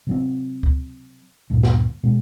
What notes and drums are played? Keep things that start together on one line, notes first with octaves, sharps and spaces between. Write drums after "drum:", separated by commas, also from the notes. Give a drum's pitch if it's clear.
C3 F#3 C4
drum: kick
D2 G2 A#2
drum: snare
B2 G#3